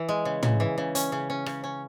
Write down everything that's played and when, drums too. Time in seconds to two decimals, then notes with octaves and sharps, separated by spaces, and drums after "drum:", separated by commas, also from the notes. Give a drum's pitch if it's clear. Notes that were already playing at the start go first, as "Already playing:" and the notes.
Already playing: E3
0.09 G#3
0.25 C#3
0.43 C#3, drum: tom
0.60 E3
0.78 C#3
0.95 C#4, drum: hi-hat
1.12 C#3
1.30 C#4
1.46 C#3, drum: rim click
1.64 C#4